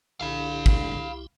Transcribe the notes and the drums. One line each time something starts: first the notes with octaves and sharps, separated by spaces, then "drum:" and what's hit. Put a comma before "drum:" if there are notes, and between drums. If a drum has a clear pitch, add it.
C2 D3 E4 G4 F5 B5
drum: kick